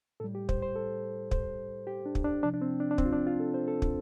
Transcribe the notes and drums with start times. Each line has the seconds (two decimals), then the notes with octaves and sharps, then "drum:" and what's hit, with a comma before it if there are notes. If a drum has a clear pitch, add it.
0.20 A2 G3 A4
0.35 G4
0.49 C5, drum: kick
0.62 C5
0.76 A4
1.31 C5, drum: kick
1.87 G4
2.06 D4
2.15 drum: kick
2.24 D4
2.43 C3 F3 D4
2.54 D4
2.62 C4
2.80 D4
2.91 D4
2.98 C4, drum: kick
3.06 F4
3.13 D4
3.27 F4
3.40 A4
3.54 C5
3.67 A4
3.82 drum: kick